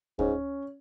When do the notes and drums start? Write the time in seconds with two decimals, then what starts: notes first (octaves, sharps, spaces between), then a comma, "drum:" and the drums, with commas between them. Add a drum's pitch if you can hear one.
0.19 G#2 C#4, drum: kick D2